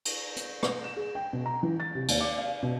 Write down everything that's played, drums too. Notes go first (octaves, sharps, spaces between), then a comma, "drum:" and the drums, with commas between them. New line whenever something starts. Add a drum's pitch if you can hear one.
drum: cymbal
drum: hi-hat
drum: rim click
E7
G#4
G5
B2
A#5
E3
A6
C3
D#2, drum: cymbal
D6
F5
B2